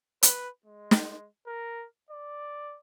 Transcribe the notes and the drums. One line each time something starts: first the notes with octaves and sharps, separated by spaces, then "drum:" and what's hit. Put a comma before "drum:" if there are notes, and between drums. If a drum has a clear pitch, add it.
B4, drum: hi-hat
G#3
drum: snare
A#4
D5